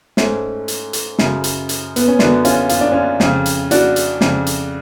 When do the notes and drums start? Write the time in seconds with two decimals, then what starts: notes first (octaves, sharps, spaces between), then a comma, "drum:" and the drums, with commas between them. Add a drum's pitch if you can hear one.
0.17 G#2 A3 C#4, drum: snare
0.68 drum: hi-hat
0.93 drum: hi-hat
1.19 F#2 C#3, drum: snare
1.44 drum: hi-hat
1.69 drum: hi-hat
1.96 B3, drum: hi-hat
2.08 C#4
2.19 F#2 D3 B3 D4, drum: snare
2.45 C#4 F4, drum: hi-hat
2.69 F4, drum: hi-hat
2.81 D4
2.92 C#4 F4
3.20 F2 C#3, drum: snare
3.46 drum: hi-hat
3.71 D4 F#4, drum: hi-hat
3.96 drum: hi-hat
4.21 F2 C#3, drum: snare
4.46 drum: hi-hat